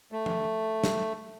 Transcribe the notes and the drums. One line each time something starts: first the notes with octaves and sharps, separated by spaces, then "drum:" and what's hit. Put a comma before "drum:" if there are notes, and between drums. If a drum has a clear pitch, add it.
A3
drum: tom F3
drum: snare